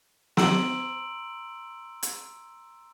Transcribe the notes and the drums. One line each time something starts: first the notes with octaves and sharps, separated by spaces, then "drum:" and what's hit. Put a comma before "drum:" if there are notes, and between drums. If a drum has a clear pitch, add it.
A#5 C6 E6 D7 F#7, drum: snare
drum: hi-hat